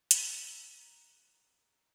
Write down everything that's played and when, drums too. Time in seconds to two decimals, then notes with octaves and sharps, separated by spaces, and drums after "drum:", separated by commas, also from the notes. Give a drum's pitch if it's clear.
0.11 A#5 E6 F#6, drum: hi-hat